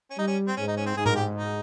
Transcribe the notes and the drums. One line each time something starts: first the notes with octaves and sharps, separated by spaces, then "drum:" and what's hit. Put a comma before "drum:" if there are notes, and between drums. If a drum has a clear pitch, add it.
C#4
G3 D#4
C#4
C4
G#2 C#4
D#4
C#4
C4
G#2 G#4
A#4, drum: tom A2
G4
D#4